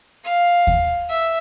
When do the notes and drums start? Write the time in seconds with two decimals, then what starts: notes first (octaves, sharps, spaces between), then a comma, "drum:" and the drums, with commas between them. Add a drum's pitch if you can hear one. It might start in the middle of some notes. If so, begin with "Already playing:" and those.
0.25 F5
0.67 drum: kick D#2
1.10 E5